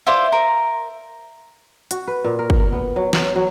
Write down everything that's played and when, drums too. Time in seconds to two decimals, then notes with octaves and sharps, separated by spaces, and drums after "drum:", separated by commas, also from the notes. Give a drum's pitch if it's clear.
0.07 E4 F4 C5 D5
0.32 A#4
1.91 F#4, drum: hi-hat
2.07 B4
2.24 A#2
2.39 A#4
2.50 drum: kick
2.60 A#4
2.72 B3
2.96 F#3
3.13 F#3, drum: snare
3.36 F#3